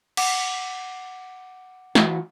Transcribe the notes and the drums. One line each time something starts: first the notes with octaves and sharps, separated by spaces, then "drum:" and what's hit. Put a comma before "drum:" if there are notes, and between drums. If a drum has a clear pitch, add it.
F#5 D6, drum: cymbal
E3 F4 F#4, drum: snare